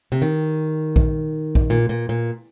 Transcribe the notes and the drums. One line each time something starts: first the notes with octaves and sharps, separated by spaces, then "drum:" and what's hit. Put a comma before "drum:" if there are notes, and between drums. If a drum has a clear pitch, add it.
C3
D#3
drum: kick A#1
drum: kick A#1
A#2
A#2
A#2